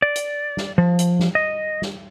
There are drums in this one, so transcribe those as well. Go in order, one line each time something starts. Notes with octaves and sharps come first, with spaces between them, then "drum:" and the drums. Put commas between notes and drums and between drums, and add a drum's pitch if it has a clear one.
D5
drum: hi-hat
drum: snare
F3
drum: hi-hat
drum: snare
D#5
drum: snare